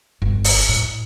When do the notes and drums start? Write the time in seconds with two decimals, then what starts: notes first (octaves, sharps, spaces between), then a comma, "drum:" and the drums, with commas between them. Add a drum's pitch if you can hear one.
0.22 G1
0.44 drum: open hi-hat
0.69 A2